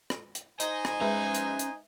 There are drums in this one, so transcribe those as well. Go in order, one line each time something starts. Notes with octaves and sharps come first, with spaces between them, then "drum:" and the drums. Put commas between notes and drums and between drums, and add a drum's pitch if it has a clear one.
drum: rim click
drum: hi-hat
D#4 C5 D#5 G#5, drum: hi-hat
drum: rim click
G#3 C#4 B4 E5 A#5
drum: hi-hat
drum: hi-hat